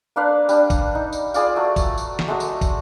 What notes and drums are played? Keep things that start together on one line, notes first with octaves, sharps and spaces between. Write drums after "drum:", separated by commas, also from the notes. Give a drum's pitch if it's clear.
A#3 D4 B4 F5
G3 D4, drum: tambourine
drum: kick, tambourine
D#4
drum: tambourine
F4 G#4 D5 F5, drum: tambourine
F#3 A3
drum: kick, tambourine
drum: tambourine
drum: snare
G#3 A3 F#4
drum: tambourine
drum: kick, tambourine